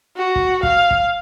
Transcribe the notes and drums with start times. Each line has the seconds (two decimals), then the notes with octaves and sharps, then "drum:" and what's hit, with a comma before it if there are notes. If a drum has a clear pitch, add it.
0.17 F#4
0.36 drum: kick
0.63 F5, drum: kick
0.91 drum: kick